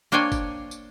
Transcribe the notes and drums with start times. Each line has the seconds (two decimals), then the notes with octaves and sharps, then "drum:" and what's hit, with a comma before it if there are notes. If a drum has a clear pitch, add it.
0.12 A#3 D4 C5 C#5 G5 G#5
0.32 drum: kick F#1, tambourine
0.71 drum: tambourine